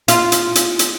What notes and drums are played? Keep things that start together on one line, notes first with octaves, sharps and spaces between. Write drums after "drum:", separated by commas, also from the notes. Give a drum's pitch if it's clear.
F4, drum: hi-hat
drum: hi-hat
drum: hi-hat
drum: hi-hat